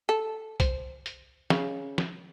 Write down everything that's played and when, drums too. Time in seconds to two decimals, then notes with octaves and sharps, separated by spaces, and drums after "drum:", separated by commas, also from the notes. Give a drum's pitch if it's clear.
0.09 A4
0.60 C5, drum: kick B1, hi-hat
1.06 drum: hi-hat
1.50 C#3, drum: snare
1.98 drum: snare